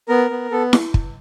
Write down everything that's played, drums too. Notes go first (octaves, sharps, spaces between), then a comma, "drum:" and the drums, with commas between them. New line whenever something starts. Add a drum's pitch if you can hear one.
B3 A#4
B3
B3 A4
drum: snare E4
drum: kick